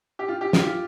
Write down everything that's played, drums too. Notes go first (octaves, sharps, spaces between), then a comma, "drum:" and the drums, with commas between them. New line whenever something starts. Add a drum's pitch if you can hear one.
G4
F4
G4
F4, drum: snare
F4